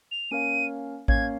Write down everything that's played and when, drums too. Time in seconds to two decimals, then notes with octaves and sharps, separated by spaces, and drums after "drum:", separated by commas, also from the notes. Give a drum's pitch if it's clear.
0.11 F7
0.31 A#3 C#4 A#4 C#5 F5 D#7
1.08 A#3 C#4 A#4 C#5 F5 G#6, drum: kick A1